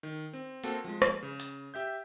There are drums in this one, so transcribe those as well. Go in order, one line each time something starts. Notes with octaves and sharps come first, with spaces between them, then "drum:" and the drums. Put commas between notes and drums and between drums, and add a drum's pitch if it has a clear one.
D#3
C4
A#3 C4 F#4 A4, drum: hi-hat
F3 G#3
drum: rim click
C#3
drum: hi-hat
G4 E5 G6